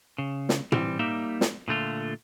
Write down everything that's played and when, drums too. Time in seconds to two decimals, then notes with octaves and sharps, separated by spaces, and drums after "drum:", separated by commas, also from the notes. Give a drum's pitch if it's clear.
0.18 C#3
0.49 drum: snare
0.72 E3 G3 C4, drum: tom
0.99 G3 A#3 D#4 E5
1.41 drum: snare
1.68 A#2 D3 A3 F4